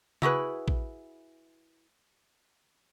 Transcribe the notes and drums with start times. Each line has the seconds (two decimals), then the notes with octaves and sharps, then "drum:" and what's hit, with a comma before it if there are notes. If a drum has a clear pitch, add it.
0.22 E4 F#4 G#4 B4, drum: tom
0.68 drum: kick